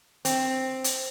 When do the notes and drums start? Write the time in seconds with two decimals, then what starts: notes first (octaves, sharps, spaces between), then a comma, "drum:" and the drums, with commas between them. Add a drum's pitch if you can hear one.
0.25 C4, drum: hi-hat
0.84 drum: hi-hat